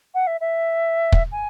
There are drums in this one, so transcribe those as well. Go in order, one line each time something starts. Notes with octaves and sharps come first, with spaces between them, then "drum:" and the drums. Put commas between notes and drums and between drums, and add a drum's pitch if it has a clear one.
F#5
E5
E5
drum: kick
G#5